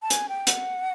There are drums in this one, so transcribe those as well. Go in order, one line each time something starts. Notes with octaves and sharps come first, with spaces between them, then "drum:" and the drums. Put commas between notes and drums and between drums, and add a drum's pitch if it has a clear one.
A5
G#5, drum: hi-hat
G5
F#5, drum: hi-hat